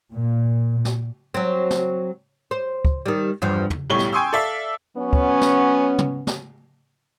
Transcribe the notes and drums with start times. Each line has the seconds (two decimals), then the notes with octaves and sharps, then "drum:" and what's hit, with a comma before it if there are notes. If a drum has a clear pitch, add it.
0.13 A#2
0.85 drum: snare
1.34 F#3 C4
1.70 drum: snare
2.51 C5
2.85 drum: kick
3.06 D#3 G3
3.42 E2 G2 F3
3.70 drum: tom
3.90 B1 A2 G3 C#5 G7
3.99 drum: snare
4.12 G5 G#5 C6 C#6 D#6 E6
4.33 A4 D5 E5 F5
4.97 F#3 B3 C#4
5.13 drum: kick
5.41 drum: snare
5.98 drum: tom
6.27 drum: snare